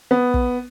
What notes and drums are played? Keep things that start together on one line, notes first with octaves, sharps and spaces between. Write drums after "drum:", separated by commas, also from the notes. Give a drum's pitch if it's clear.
B3
drum: kick